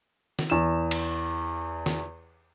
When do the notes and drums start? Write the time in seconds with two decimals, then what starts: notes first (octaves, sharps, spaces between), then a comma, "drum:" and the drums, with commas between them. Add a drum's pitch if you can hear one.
0.39 drum: snare
0.50 E2 E7
0.91 drum: cymbal
1.86 drum: snare